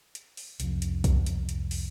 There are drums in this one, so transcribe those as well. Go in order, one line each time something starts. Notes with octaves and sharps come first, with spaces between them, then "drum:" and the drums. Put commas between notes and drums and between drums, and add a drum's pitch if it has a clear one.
drum: hi-hat
drum: open hi-hat
C2 F2, drum: hi-hat
drum: hi-hat
drum: kick, hi-hat
drum: hi-hat
drum: hi-hat
drum: open hi-hat